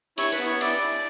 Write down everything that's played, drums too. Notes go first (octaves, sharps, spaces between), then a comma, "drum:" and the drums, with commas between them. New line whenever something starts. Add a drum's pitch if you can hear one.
E4 C#5 C#6, drum: cymbal
B4 B5, drum: cymbal
B3
C#5 C#6
E4 D5 D6, drum: cymbal
E4